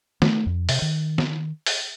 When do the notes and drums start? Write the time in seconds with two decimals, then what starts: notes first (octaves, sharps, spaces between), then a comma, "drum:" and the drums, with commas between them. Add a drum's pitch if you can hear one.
0.22 A3, drum: snare
0.46 F2
0.69 C3, drum: open hi-hat
0.82 D#3
1.18 drum: snare
1.66 drum: open hi-hat